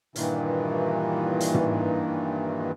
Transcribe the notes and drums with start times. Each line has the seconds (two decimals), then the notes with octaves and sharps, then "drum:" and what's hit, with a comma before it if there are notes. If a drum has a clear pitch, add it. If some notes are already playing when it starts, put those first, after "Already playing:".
0.16 G2 A#2 D#3 E3, drum: hi-hat
1.40 drum: hi-hat
1.54 drum: tom